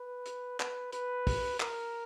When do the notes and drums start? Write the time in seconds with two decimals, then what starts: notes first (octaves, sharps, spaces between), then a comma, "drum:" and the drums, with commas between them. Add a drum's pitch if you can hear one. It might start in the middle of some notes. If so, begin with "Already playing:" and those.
Already playing: B4
0.26 drum: hi-hat
0.60 B4, drum: clap
0.93 B4, drum: hi-hat
1.27 drum: kick, open hi-hat
1.60 A#4, drum: clap